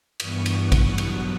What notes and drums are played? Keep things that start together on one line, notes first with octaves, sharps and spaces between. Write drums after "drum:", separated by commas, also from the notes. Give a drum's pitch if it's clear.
G2 E3 B3 C#6, drum: cymbal
drum: cymbal
F#5
drum: kick, cymbal
B2 F#3 B3, drum: cymbal